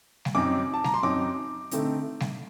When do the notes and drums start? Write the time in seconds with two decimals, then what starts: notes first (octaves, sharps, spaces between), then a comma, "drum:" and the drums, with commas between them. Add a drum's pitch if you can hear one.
0.25 drum: snare G3
0.35 F#2 F#3 C4 D#4 D6
0.74 A5
0.84 A#5, drum: snare G3
0.94 C6
1.03 F#2 F#3 C4 D#4 D6
1.71 D3 A3 C4 D#4, drum: hi-hat
2.20 drum: snare G3